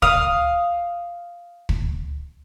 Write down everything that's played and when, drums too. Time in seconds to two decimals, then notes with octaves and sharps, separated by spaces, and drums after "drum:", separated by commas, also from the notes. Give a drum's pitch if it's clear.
0.02 F5 D#6, drum: kick
1.69 drum: kick